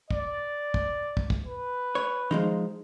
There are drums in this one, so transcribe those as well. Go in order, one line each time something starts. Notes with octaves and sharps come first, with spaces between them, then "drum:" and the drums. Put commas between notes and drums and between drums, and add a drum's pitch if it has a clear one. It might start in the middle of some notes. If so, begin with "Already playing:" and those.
D5, drum: kick
drum: kick
drum: kick
drum: kick
B4
C#5
F3 G#3 D#4, drum: tom D#3